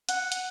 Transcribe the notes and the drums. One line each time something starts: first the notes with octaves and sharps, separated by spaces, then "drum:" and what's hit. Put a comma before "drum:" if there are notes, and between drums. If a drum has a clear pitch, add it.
F#5, drum: hi-hat
drum: hi-hat